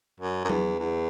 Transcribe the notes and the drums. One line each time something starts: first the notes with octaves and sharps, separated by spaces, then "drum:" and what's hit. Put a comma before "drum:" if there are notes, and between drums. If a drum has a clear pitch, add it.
F#2
F#2
E2, drum: tom F#3
E2